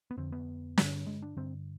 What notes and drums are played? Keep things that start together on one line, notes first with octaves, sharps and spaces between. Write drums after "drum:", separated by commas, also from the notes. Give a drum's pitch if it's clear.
B3
F2 D3 C4
B3
G2 D3, drum: snare
G#3
D4
G2 D3 C4